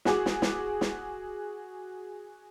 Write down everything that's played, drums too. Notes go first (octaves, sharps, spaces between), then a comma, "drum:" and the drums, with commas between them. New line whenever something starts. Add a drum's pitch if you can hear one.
F#4 G#4 D6, drum: snare
drum: snare
drum: snare
drum: snare